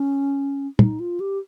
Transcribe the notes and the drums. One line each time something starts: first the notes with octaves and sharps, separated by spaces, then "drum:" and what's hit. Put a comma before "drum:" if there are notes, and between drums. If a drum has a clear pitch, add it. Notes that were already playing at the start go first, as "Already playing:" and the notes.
Already playing: C#4
D#4, drum: tom
F4
G4